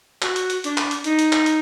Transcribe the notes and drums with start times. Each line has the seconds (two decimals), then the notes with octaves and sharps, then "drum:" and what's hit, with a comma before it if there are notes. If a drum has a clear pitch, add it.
0.22 F#4, drum: clap
0.36 drum: hi-hat
0.50 drum: hi-hat
0.64 D4, drum: hi-hat
0.77 drum: clap
0.91 drum: hi-hat
1.04 D#4, drum: hi-hat
1.19 drum: hi-hat
1.32 drum: clap
1.46 drum: hi-hat